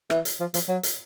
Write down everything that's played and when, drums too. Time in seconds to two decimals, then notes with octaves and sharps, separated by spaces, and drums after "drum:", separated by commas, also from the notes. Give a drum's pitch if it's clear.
0.10 E3, drum: rim click
0.25 drum: hi-hat
0.40 F3
0.54 F3, drum: hi-hat
0.68 F#3
0.83 drum: hi-hat